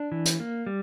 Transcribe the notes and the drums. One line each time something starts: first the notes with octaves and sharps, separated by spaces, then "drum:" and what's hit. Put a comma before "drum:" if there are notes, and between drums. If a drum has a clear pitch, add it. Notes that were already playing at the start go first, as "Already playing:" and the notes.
Already playing: D4
E3
drum: hi-hat
A#3
G3